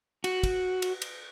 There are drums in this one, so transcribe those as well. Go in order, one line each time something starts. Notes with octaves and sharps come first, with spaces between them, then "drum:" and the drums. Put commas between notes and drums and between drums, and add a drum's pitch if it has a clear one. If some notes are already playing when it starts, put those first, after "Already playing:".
F#4, drum: cymbal
drum: kick, cymbal
drum: cymbal
drum: cymbal